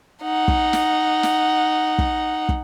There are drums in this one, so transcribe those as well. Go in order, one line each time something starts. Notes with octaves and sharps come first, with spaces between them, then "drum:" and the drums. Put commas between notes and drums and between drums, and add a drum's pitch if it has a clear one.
D#4 F#5
drum: kick
drum: snare
drum: snare
drum: kick
drum: kick